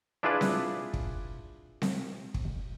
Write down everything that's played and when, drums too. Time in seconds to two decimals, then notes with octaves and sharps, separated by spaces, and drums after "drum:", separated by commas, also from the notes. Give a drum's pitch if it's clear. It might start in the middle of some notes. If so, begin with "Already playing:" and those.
0.23 D4 E4 F4 G#4 B4 D5
0.41 drum: snare C4
0.94 drum: kick
1.82 drum: snare C4
2.34 drum: kick